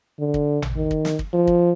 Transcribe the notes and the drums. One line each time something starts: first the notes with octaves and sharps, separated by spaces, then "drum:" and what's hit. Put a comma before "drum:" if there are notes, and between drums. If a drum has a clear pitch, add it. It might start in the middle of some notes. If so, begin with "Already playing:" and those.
D3
drum: kick
drum: tom A1
D#3
drum: kick
drum: snare
drum: kick
F3
drum: kick